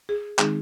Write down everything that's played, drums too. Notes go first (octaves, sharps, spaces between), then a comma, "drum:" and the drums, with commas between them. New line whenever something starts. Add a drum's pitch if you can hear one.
G#4
D#3 G#3 C4 D#4 G#4, drum: clap